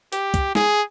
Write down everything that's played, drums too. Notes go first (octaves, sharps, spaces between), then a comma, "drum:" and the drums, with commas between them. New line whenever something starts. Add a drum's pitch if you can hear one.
G4, drum: hi-hat
drum: kick, hi-hat
G#4, drum: snare